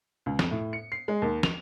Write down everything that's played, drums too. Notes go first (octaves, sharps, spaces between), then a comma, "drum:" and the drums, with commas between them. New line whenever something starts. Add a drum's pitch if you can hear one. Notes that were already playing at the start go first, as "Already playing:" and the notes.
C#2
F2, drum: snare
A2
C#7
C7
G#3
D#2
F7, drum: snare